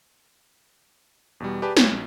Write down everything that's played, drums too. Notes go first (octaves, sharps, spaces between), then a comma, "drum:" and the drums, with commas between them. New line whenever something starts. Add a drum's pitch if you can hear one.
E2 B2 G3
G4 G#4 B4 D5 G#5 A5
G3 B3 F4 G4 C#5, drum: snare
A#1